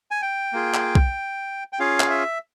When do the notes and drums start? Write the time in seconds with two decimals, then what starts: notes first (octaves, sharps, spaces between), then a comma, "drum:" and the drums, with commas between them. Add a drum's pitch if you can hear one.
0.11 G#5
0.22 G5
0.53 A#3 F4 G#4
0.74 drum: clap
0.95 drum: kick B1
1.73 G5
1.80 C#4 F4 G#4 F5
2.00 drum: clap
2.10 E5